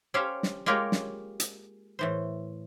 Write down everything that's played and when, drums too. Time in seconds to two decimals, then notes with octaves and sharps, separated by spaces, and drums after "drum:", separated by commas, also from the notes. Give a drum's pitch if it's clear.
0.14 C#4 G4 A4 C5 F5
0.43 drum: snare
0.66 G#3 A#3 F4 G4 A#4 C#5
0.92 drum: snare
1.40 drum: hi-hat
1.99 A2 E3 C5